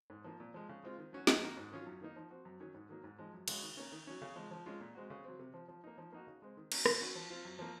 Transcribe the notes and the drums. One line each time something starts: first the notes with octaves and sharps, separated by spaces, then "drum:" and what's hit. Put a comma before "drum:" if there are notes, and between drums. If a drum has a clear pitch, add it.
G#2
F3 A#3 F4
A#2
F3 G#3
C#3
G#3 C4 F4
D#3
F#3 C#4 F#4
F#2, drum: snare
D#3 A#3 D#4 F#4
G#2
D#3 F#3 C#4 F4
F#2
D#3 A#3 D#4
F3
C4 F#4
F#2
D#3 F#3 C#4
G#2
D#3 F#3 A#3
G#2
F3 G#3
F#2
C#3 G#3 C#4 F#4, drum: cymbal
D#3
A#3 C#4
D#3
F#3 C#4
C#3
F3 G#3
F3
G#3 C#4 F4
A#2
G#3 C4 F#4
C#3
F#3 C4
C3
F3 C4
F3
A#3 D#4
F3
A#3 D#4 F#4
C#3
G#3 C4
D#3
A#3 C#4 F#4, drum: cymbal
D#3, drum: rim click
F#3 C#4 F#4
F3
C4 F4
F#2
F3 A#3